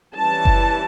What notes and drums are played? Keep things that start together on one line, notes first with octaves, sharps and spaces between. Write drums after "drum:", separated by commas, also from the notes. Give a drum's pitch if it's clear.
E3 G3 C#4 A5
drum: kick F#1